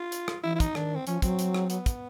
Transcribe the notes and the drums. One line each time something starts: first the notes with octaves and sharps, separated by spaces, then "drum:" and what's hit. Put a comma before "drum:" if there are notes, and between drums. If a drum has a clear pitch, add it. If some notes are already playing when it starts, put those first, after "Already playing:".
Already playing: F4
drum: hi-hat
drum: rim click
E3 E4
E4
D#4, drum: kick, hi-hat
D#3 D4, drum: rim click
C4
F3 C#4, drum: hi-hat
F#3 C4, drum: kick, hi-hat
drum: hi-hat
drum: rim click
B3, drum: hi-hat
drum: kick, hi-hat